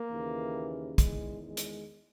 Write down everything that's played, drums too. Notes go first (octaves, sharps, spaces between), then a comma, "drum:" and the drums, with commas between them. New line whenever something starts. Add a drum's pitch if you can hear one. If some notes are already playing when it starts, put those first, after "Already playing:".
Already playing: A#3
D#2 C#3 E3
E2 D#3 G#3, drum: kick, hi-hat
G#3
drum: hi-hat